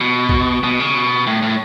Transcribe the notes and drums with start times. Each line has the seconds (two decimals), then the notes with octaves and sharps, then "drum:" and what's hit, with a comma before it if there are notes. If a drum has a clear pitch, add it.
0.01 B2
0.29 drum: kick
0.64 B2
0.80 C#3
0.95 B2
1.27 A2
1.42 A2